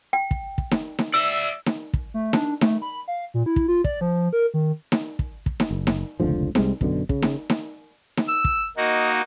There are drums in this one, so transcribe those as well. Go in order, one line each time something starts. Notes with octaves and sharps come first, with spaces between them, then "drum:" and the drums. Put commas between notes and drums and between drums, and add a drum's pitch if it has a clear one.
G5
drum: kick
drum: kick
drum: snare D#4
drum: snare D#4
D5 E5 E6
drum: snare D#4
drum: kick
A3
D4, drum: snare D#4
A3, drum: snare D#4
B5
F5
A#2
E4
drum: kick
F4
D5, drum: kick
F3
A#4
D#3
drum: snare D#4
drum: kick
drum: kick
drum: snare D#4
F#1
drum: snare D#4
F1 C#2 D3 F3
C2 G3 G#3 C4, drum: snare D#4
F#2 B2 D3, drum: kick
C#3, drum: kick
drum: snare D#4
drum: snare D#4
drum: snare D#4
E6
drum: kick
A#3 D#4 F#4 D#5